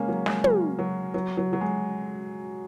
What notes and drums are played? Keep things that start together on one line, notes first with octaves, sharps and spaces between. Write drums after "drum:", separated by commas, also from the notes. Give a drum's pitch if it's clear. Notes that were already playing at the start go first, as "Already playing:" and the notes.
Already playing: G#3 A#3 C#4
F#3
G#3, drum: snare
F#3, drum: tom
F#3
F#3
F#3
F#3
G#3